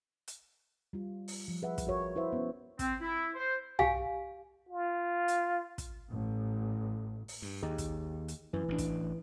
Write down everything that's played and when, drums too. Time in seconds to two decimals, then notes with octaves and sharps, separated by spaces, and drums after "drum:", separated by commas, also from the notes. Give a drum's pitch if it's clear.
0.28 drum: hi-hat
0.93 G3 F4
1.28 drum: open hi-hat
1.48 F3
1.62 G#4 B4 E5 F#5
1.78 drum: kick, hi-hat
1.87 F#4 A#4 C#5
2.16 E4 B4 C5 E5
2.33 B3 C#4
2.79 C4, drum: kick, hi-hat
3.00 E4
3.34 C5
3.79 G4 F5 G#5, drum: tom
4.69 F4
5.28 drum: hi-hat
5.78 drum: kick, hi-hat
6.11 A1
7.28 drum: open hi-hat
7.42 G2
7.62 D#2 D#4 G4 G#4
7.78 drum: kick, hi-hat
8.28 drum: hi-hat
8.53 F#2 E3
8.68 A1 F#3 D4
8.78 drum: kick, hi-hat